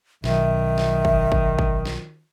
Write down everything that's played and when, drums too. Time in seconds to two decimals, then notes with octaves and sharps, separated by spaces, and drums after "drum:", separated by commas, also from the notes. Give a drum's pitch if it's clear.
0.24 B1 D#3 E5, drum: snare
0.78 drum: snare
1.05 drum: kick G1
1.32 drum: kick G1
1.59 drum: kick G1
1.86 drum: snare